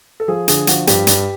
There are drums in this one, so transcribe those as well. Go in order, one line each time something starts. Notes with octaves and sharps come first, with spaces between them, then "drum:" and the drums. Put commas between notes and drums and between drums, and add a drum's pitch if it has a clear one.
A4
F3 G#4
D3 G#4, drum: hi-hat
F3 F#4, drum: hi-hat
G2 G4, drum: hi-hat
G2, drum: hi-hat